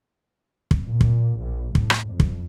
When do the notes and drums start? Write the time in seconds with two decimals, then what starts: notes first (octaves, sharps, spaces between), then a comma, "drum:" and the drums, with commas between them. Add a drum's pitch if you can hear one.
0.71 drum: kick
0.86 A#2
1.01 drum: kick
1.40 A#1
1.75 A2, drum: kick
1.90 drum: rim click
2.10 F2
2.20 drum: kick